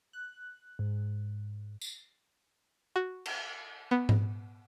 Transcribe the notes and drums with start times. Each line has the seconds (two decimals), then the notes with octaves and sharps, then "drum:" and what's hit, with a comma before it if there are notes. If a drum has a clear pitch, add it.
0.13 F#6
0.79 G#2
1.81 drum: tambourine
2.96 F#4
3.25 drum: cymbal
3.91 B3
4.09 drum: tom G#2